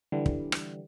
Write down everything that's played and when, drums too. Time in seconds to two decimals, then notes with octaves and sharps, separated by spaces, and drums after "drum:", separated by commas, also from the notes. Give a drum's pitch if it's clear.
0.12 D3 E3 G3
0.26 drum: kick
0.52 drum: rim click